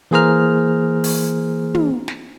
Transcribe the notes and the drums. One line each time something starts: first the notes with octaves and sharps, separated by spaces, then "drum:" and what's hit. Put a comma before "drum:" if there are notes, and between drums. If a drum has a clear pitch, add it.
E3 A#3 G#4 C5 A#5 F6
drum: open hi-hat
drum: tom
drum: snare